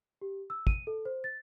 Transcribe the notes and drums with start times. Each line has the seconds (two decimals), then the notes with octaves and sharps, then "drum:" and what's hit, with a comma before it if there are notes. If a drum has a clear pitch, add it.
0.21 G4
0.50 E6
0.67 D#7, drum: kick
0.87 A4
1.05 C5
1.24 A6